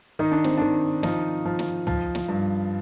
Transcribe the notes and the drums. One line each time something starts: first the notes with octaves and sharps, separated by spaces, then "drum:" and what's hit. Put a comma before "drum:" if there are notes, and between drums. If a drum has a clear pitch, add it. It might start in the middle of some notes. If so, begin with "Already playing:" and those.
D#3 D#4
D4
C4, drum: snare
D#3 D4
F3 D#4, drum: snare
F3
drum: snare
F3, drum: tom
drum: snare
G2